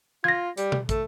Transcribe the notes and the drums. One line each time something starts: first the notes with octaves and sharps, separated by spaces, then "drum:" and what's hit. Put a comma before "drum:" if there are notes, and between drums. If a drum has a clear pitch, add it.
F4 G#6 A#6
G3, drum: hi-hat
drum: tom B2
A3, drum: kick, hi-hat